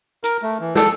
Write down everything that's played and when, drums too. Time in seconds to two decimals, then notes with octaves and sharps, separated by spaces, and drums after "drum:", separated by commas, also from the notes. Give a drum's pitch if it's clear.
0.24 A#4, drum: hi-hat
0.42 A3
0.60 E3
0.75 A4, drum: snare